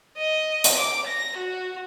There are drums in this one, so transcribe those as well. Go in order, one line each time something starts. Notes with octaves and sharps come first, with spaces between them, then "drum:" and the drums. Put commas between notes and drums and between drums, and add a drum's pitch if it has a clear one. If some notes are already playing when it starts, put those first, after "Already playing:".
D#5
drum: hi-hat
D6
A#6
F#4